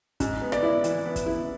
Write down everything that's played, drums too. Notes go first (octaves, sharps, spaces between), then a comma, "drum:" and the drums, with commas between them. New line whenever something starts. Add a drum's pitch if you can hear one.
G#2, drum: kick, hi-hat
B3
D5, drum: rim click
E4
E3, drum: hi-hat
B3
drum: kick, hi-hat
E4